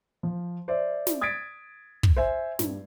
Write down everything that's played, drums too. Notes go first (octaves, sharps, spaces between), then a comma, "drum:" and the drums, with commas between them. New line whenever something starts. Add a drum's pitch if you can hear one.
F3
C5 D5 E5
drum: snare
D#6 G#6 A6 B6 D7
drum: kick
C5 E5 G#5
G2, drum: snare